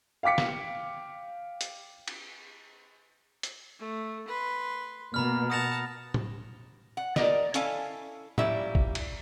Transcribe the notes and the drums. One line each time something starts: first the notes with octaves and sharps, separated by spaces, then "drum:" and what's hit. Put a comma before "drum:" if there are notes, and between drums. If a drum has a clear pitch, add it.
F5 G5 D6 B6 C#7
drum: snare
drum: hi-hat
drum: cymbal
drum: hi-hat
A3
B4 C6
B2 A#3 A#5 B5 F6
F#5 A5 D#6 A#6 F7
drum: tom A2
F#5
A#4 D5 D#5, drum: snare
C#4 E4 A4 F5 G#5, drum: hi-hat
A#2 G3 C#4 E4 E5, drum: tom A2
drum: kick
drum: cymbal